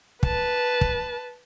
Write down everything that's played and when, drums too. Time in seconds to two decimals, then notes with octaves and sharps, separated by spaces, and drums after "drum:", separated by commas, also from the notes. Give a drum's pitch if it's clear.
0.23 B4 A5, drum: kick
0.81 drum: kick